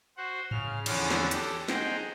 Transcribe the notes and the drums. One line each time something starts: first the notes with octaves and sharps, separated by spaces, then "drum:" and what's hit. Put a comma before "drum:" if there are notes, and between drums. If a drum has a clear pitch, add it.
F#4 C5 F#5
C#3 F6, drum: tom G#2
E2 D3 E3 F3 C#4 D4, drum: cymbal
drum: snare
G4 A4, drum: hi-hat
D#4 G#4 C5 D#5 F#5 G5, drum: snare